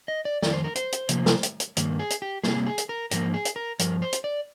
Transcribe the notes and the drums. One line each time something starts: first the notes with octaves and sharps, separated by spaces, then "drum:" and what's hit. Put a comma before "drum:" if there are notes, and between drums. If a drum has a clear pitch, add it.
D#5
D5
F2 D#3 D5, drum: snare
C5
A#4
C5, drum: hi-hat
drum: hi-hat
C3 F3 A#3, drum: hi-hat
drum: snare
drum: hi-hat
drum: hi-hat
G2 D#3 A#3, drum: hi-hat
G#4
drum: hi-hat
G4
C3 G3 A#3 G#4, drum: snare
G#4
drum: hi-hat
A#4
G#2 F3 A#3 A#4, drum: hi-hat
G#4
drum: hi-hat
A#4
G2 F3 A#4, drum: hi-hat
C5
drum: hi-hat
D5